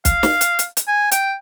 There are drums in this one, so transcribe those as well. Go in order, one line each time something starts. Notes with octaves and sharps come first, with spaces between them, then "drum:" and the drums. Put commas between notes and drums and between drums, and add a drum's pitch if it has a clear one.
F5, drum: kick B1, hi-hat
drum: snare
drum: hi-hat
drum: hi-hat
drum: hi-hat
G#5
G5, drum: hi-hat